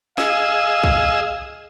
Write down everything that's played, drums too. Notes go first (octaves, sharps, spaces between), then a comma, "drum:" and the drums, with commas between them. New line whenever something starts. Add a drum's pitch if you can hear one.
G#4 D#5 F5 E6, drum: snare
drum: kick